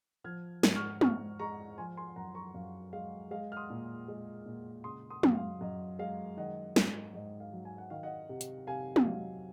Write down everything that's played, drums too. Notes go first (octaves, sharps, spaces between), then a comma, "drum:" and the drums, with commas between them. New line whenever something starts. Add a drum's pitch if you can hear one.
F3 F6 G#6
G#2, drum: snare
C#6 F6
G#2 C#6 F6, drum: tom
G#3 A#5 C#6
F3 G#5 C6
G#5 C6
F#2 F#5 A#5
A#5 C#6
F#2 F5
G#3 F5
G#3 F5
F6
C6 D#6
A#2
G#3
A#2
C#3 C6 D#6
C6 D#6
F#2, drum: tom
F5
F#2 D#5
G#3 F5
D#3 D#5 F#5
G#2, drum: snare
G#2 D#5
F5
F#3
G#5
F#5
D#3 F5
D#5 F#5
C3
drum: hi-hat
C3 F5 G#5
drum: tom
F#3 F5